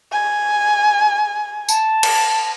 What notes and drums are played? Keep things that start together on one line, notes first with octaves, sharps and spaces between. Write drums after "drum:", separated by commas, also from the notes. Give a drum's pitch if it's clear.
G#5
A5, drum: tambourine
drum: cymbal